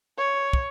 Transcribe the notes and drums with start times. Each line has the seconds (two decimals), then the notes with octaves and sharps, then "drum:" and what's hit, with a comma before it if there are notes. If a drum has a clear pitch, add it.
0.17 C#5
0.53 drum: kick